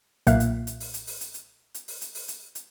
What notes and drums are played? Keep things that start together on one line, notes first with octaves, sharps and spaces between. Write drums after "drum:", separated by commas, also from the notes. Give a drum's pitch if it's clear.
B1 A#2 A#3 E5 F5 F#6, drum: hi-hat
drum: hi-hat
drum: hi-hat
drum: open hi-hat
drum: hi-hat
drum: open hi-hat
drum: hi-hat
drum: hi-hat
drum: hi-hat
drum: open hi-hat
drum: hi-hat
drum: open hi-hat
drum: hi-hat
drum: hi-hat